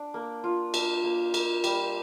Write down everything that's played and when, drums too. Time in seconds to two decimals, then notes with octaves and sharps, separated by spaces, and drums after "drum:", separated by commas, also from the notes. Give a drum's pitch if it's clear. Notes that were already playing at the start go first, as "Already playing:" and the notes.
Already playing: D4
0.14 A#3
0.44 F4
0.74 D4, drum: cymbal
1.04 A#3
1.34 A#3, drum: cymbal
1.64 G3, drum: cymbal